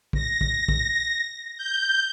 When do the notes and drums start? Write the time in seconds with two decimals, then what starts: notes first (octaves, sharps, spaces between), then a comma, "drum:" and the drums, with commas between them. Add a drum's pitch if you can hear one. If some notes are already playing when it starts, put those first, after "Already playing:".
0.13 A#6, drum: kick
0.41 drum: kick
0.68 drum: kick
1.58 G6